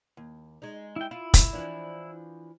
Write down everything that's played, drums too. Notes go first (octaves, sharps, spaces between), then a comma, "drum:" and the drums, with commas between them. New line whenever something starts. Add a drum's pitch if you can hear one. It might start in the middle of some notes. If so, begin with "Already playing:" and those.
D#2
G#3 D#4
E4 G5
E4 F4
drum: kick, hi-hat
E3 F3 D4